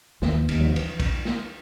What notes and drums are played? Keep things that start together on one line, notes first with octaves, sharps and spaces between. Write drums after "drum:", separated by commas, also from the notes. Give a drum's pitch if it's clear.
D#2 E3, drum: snare
D#2, drum: cymbal
F#3
F3
E3, drum: cymbal
drum: kick, cymbal
drum: snare